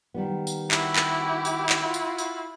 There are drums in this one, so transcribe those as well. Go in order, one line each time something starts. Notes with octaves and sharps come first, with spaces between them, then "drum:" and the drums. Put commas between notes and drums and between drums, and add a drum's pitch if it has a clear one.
D#3 G3 B3
drum: tambourine
E4 F#4 G4, drum: clap
drum: clap
drum: tambourine
drum: clap
F4 F#4
drum: tambourine
drum: tambourine